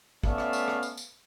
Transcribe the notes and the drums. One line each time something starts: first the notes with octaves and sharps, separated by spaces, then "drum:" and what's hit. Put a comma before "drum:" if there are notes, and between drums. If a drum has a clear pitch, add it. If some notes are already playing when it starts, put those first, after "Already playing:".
A3 B3 C#4 D5 E5 F5, drum: kick
drum: rim click
drum: tambourine
drum: rim click
drum: tambourine
drum: tambourine